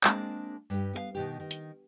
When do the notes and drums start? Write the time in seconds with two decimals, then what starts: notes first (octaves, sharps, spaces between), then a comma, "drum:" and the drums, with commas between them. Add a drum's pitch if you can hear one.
0.04 G#3 A#3 C4 D4 G#4 A5, drum: clap
0.70 G2 G4
0.93 B3 G#4 F5
1.15 B2 D#3 G4
1.40 D#3
1.51 drum: hi-hat